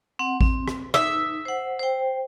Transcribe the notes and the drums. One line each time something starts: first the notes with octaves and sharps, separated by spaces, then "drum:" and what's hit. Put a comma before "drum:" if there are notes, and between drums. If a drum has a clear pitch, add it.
C4 F#5
C4, drum: kick A1
drum: rim click
D#4 E5, drum: rim click
C5 F#5
C5 G5